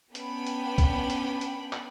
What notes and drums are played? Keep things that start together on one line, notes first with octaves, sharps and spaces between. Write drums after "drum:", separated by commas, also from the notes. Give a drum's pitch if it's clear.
B3 C#4 D4 G5 B5, drum: hi-hat
drum: hi-hat
drum: kick, hi-hat
drum: hi-hat
drum: hi-hat
drum: clap